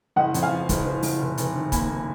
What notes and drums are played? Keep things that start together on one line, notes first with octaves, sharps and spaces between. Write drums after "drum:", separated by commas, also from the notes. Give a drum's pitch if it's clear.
F#1 D#5 F#5
F2, drum: hi-hat
F5 G#5
F3
F#1, drum: kick, hi-hat
F#1
F#1, drum: open hi-hat
F1
F1, drum: hi-hat
D#3
A#3 G#5 B5, drum: kick, hi-hat
A#3